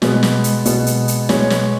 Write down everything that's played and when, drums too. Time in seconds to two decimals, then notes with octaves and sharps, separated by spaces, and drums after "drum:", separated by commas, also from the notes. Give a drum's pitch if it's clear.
0.02 B2 G#3 B3, drum: snare
0.23 drum: snare
0.44 drum: hi-hat
0.65 B2 G#3 B3, drum: hi-hat
0.86 drum: hi-hat
1.08 drum: hi-hat
1.29 B2 G#3 B3 C#5, drum: snare
1.50 drum: snare